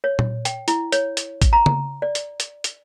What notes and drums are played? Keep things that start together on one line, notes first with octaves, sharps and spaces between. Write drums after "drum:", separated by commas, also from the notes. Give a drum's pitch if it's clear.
C#5
drum: tom A#2
G5, drum: hi-hat
E4, drum: hi-hat
C#5, drum: hi-hat
drum: hi-hat
drum: kick A1, hi-hat
A#5
drum: tom C#3
D5
drum: hi-hat
drum: hi-hat
drum: hi-hat